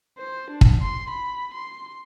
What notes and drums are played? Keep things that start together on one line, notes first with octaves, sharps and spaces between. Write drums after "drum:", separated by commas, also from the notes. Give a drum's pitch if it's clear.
C5
D4
drum: kick
C6
B5
C6